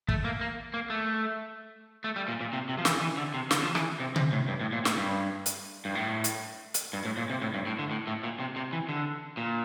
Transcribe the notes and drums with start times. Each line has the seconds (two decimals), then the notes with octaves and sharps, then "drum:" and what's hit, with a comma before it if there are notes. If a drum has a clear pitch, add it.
0.08 A3, drum: kick
0.25 A#3
0.41 A#3
0.74 A#3
0.90 A3
2.04 A3
2.16 G3
2.28 A#2
2.41 A#2
2.53 C3
2.69 C3
2.78 F3
2.85 E3, drum: snare
3.02 E3
3.17 D3
3.34 C3
3.51 D3, drum: snare
3.63 F3
3.75 E3, drum: rim click
4.00 C3
4.16 C3, drum: tom C3
4.32 A2
4.48 G2
4.61 A2
4.73 A#2
4.85 A2, drum: snare
4.97 G2
5.46 drum: hi-hat
5.85 G2
5.95 A2
6.24 drum: hi-hat
6.74 drum: hi-hat
6.93 G2
7.05 A2
7.17 A#2
7.30 C3
7.42 A2
7.54 G2
7.67 A2
7.79 D3
7.91 A2
8.07 A2
8.24 A#2
8.40 C3
8.56 C3
8.73 E3
8.89 D3
9.37 A#2